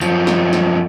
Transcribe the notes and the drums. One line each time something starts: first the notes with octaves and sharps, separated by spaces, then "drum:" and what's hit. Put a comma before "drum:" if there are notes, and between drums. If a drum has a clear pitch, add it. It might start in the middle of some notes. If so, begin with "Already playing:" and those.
F#2 F3, drum: tambourine
drum: snare
drum: snare